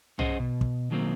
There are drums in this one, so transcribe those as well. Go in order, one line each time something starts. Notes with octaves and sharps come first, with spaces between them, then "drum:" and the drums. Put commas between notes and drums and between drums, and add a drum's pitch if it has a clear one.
C#4 G#4 C5 D#5 F#5, drum: tom
B2
drum: kick
B2 D#3 F#3 A#3 C4